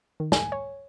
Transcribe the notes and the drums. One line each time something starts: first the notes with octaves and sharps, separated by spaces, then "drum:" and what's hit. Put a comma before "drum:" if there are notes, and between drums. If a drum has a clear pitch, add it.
D#3
G#5, drum: snare
C#5